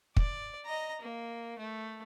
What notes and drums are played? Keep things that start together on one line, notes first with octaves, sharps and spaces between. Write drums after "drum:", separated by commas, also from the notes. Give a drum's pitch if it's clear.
D5, drum: kick
D#5 A#5
A#3
A3